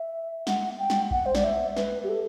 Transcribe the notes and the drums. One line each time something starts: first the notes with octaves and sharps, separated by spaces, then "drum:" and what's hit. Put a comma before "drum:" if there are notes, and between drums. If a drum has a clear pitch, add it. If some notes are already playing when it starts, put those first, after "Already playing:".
Already playing: E5
F#5, drum: snare
G5
drum: snare
F#5, drum: kick A#1
C5
D5, drum: snare
E5
B4, drum: snare
G4
A4